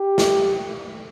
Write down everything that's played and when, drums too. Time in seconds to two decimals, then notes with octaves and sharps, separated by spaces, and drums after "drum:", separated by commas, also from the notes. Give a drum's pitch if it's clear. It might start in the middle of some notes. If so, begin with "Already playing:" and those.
Already playing: G4
0.18 drum: snare